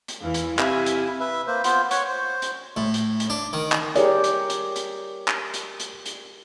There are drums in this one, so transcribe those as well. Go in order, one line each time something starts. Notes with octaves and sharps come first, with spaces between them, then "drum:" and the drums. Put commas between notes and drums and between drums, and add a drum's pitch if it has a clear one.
drum: hi-hat
E2 E3 F5
drum: hi-hat
C3 E4 E5 F5 G#5, drum: clap
drum: hi-hat
B4 E5
A#3 B4 C5
B3 F4 C5, drum: hi-hat
C#5 F#5 C#6, drum: hi-hat
C5
drum: hi-hat
A2
drum: hi-hat
drum: hi-hat
D4
D#3
drum: clap
G4 G#4 A#4 C#5 D5, drum: hi-hat
drum: hi-hat
drum: hi-hat
drum: hi-hat
drum: clap
drum: hi-hat
drum: hi-hat
drum: hi-hat